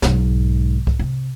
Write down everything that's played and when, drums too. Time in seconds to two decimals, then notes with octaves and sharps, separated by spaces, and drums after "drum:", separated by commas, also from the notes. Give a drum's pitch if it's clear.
0.02 B1 G#2, drum: snare
0.87 drum: kick C2
0.99 C3